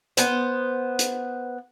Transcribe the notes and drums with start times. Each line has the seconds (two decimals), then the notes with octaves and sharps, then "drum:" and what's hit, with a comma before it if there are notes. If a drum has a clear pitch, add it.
0.17 B3 C5, drum: hi-hat
0.99 drum: hi-hat